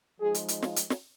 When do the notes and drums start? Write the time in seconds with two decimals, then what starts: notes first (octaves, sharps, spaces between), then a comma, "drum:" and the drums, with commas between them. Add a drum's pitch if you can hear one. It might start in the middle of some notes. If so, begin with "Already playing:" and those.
0.20 F3 G#3 D#4 G#4
0.34 drum: hi-hat
0.48 drum: hi-hat
0.62 F4, drum: snare
0.76 drum: hi-hat
0.90 drum: snare